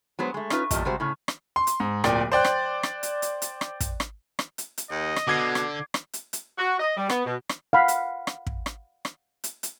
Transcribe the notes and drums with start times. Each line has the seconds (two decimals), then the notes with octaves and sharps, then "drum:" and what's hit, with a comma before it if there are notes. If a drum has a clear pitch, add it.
0.19 F#3 G#3 B3 F#4 C5
0.34 G#3 A3
0.50 C#4 D#4 F4 B4, drum: rim click
0.71 E2 A#2 G3 D#5 A5, drum: kick, hi-hat
0.85 C3 G3 G#3 F#4 C5
1.00 A2 C#3 C#4
1.28 drum: rim click
1.56 C6
1.67 drum: hi-hat
1.80 G#2
2.04 D1 A#2 D5 G5, drum: rim click
2.32 C5 D5 G5 F#6
2.45 drum: rim click
2.83 drum: rim click
3.03 drum: hi-hat
3.22 drum: hi-hat
3.42 drum: hi-hat
3.61 drum: rim click
3.80 drum: kick, hi-hat
4.00 drum: rim click
4.39 drum: rim click
4.58 drum: hi-hat
4.78 drum: hi-hat
4.90 D#2 D#5
5.16 drum: rim click
5.28 B2 D3 D6 G#6 C7
5.55 drum: rim click
5.94 drum: rim click
6.13 drum: hi-hat
6.33 drum: hi-hat
6.59 F#4
6.80 D#5
6.97 G3
7.10 B3, drum: rim click
7.26 B2
7.49 drum: rim click
7.73 F5 F#5 B5
7.88 drum: hi-hat
8.27 drum: rim click
8.46 drum: kick
8.66 drum: rim click
9.05 drum: rim click
9.44 drum: hi-hat
9.63 drum: hi-hat